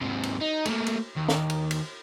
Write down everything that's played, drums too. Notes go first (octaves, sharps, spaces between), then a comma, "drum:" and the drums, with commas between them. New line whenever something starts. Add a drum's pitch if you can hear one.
G#2 C3
drum: cymbal
D#4
A3 A#3, drum: cymbal
drum: cymbal
D#2
drum: snare
drum: cymbal
drum: cymbal